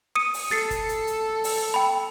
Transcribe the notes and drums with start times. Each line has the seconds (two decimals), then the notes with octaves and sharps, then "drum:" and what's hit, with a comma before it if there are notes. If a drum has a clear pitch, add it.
0.15 D#6 C#7 D#7
0.34 drum: open hi-hat
0.51 A4 A6 C7 C#7
0.71 drum: kick, hi-hat
0.89 drum: hi-hat
1.07 drum: hi-hat
1.44 drum: open hi-hat
1.74 G5 B5